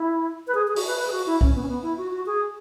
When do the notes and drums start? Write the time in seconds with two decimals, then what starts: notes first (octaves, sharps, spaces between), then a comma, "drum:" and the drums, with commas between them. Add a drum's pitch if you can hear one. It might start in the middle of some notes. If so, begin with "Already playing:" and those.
Already playing: E4
0.47 B4
0.55 G#4
0.68 G#4
0.76 F#4, drum: open hi-hat
0.87 B4
0.98 B4
1.08 G#4
1.12 F#4
1.26 E4
1.41 C#4, drum: kick
1.55 B3
1.63 C#4
1.69 B3
1.83 E4
1.97 F#4
2.11 F#4
2.26 G#4